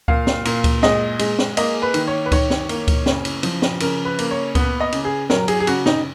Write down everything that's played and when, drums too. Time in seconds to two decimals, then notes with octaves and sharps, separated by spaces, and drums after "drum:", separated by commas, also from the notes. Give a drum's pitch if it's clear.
0.08 A#2 F5, drum: kick C#2
0.27 drum: snare
0.45 A#2, drum: cymbal
0.64 drum: kick C#2, cymbal
0.83 G#3 D#5, drum: snare
1.19 G#3, drum: cymbal
1.39 drum: snare
1.57 A#3 D#5, drum: cymbal
1.82 B4
1.94 D#3, drum: cymbal
2.07 C#5
2.26 B4
2.32 D#3 C#5, drum: kick C#2, cymbal
2.50 drum: snare
2.69 A#3, drum: cymbal
2.88 drum: kick C#2, cymbal
3.06 C#3, drum: snare
3.25 drum: cymbal
3.43 F3, drum: cymbal
3.62 drum: snare
3.80 C#3 A#4, drum: cymbal
4.05 B4
4.19 A#3, drum: cymbal
4.31 C#5
4.55 B3 B4, drum: kick C#2, cymbal
4.80 D#5
4.93 C#3, drum: cymbal
5.05 G#4
5.30 F#3 A#4, drum: snare
5.48 G#4, drum: cymbal
5.60 G#4
5.67 C#3 F#4, drum: cymbal
5.86 D#4, drum: snare